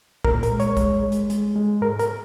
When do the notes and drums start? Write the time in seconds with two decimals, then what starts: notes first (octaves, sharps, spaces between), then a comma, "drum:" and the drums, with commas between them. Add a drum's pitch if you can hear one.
0.25 A#2 A#4, drum: kick
0.43 A#4, drum: hi-hat
0.52 G#3
0.60 C#5, drum: hi-hat
0.77 G#3, drum: kick, hi-hat
1.03 G#3
1.12 drum: hi-hat
1.30 G#3, drum: hi-hat
1.56 G#3
1.81 G#2 A#4
1.99 A#4, drum: hi-hat